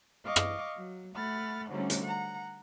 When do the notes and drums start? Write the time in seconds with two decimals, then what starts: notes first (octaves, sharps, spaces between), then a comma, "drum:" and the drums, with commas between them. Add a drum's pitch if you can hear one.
0.24 D#5 F5 C#6 D6
0.36 drum: rim click
0.76 F#3
1.14 A3 F#5 B5 F6 A6
1.69 G#2 D3 F#3 G3 A3 C#4
1.90 drum: hi-hat
2.04 F#5 A#5